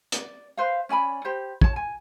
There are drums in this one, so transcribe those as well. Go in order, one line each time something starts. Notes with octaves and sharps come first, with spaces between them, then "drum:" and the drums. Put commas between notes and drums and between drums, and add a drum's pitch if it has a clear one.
D5, drum: hi-hat
B4 C5 F5
C#4 D5 G#5 B5
G4 C5
C#5 A5, drum: kick
G#5